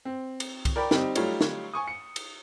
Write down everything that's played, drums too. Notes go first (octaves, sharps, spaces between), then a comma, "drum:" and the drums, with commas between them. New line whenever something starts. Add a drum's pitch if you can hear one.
C4
drum: cymbal
drum: kick C2, cymbal
A#4 D5 G5 B5
G3 C4 D#4, drum: snare
F#3 G3 A3 D#4 F4 C#5, drum: cymbal
drum: snare
G#5 C#6 D#6
C#7
drum: cymbal